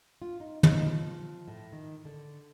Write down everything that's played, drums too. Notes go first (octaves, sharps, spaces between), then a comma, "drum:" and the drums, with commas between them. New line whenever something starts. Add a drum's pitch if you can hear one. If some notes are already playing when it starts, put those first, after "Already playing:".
F4
D#4
D#4, drum: tom
F3
A2
D#3
D3